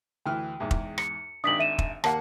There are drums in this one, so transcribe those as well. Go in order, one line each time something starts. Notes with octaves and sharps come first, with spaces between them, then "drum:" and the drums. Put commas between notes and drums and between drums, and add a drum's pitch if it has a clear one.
D2 E3 G5 F6
E2 G#2
drum: kick
C#7, drum: rim click
G#1 D#3 D4 D#6 B6 F#7
E5 D#7 E7
drum: kick
D#2 A#3 F#5 A5, drum: rim click